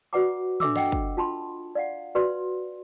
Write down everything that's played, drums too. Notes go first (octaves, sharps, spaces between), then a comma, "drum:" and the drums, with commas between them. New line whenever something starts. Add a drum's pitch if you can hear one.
F#4 B4 D5 F#5 A#5 D6
D4 A4 E5 D6 E6, drum: tom
D#5 F#5 G5, drum: snare
drum: kick
F4 A5 B5 C6
D5 F5 F#5
F#4 B4 D5 C6